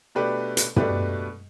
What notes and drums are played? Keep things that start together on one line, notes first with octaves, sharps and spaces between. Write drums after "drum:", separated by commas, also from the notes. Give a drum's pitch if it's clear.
B2 A3 D4 G4 B4
drum: hi-hat
B2 A3 D4 G4 B4, drum: tom